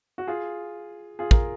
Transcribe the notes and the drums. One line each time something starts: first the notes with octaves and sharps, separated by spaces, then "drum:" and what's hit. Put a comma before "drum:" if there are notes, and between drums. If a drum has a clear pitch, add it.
F#4
F4 G#4
F4 G#4
A#4, drum: kick